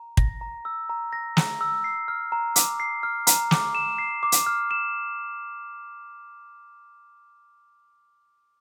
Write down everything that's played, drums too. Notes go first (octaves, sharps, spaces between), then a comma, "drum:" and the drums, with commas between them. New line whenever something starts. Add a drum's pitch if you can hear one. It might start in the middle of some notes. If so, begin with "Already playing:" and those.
Already playing: A#5
A#6, drum: kick
A#5
E6
A#5
A#6
A#5, drum: snare
E6
C7
F6
A#5
D6, drum: hi-hat
C7
F6
A#5, drum: hi-hat
D6, drum: snare
E7
C7
D6
drum: hi-hat
F6
E7